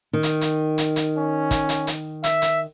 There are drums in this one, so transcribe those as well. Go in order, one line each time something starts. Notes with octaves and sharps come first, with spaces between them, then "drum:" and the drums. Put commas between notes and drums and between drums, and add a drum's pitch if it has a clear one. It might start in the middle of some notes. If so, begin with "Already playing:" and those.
D#3
drum: hi-hat
drum: hi-hat
drum: hi-hat
drum: hi-hat
C#4
drum: kick, hi-hat
drum: hi-hat
drum: hi-hat
E5, drum: hi-hat
drum: hi-hat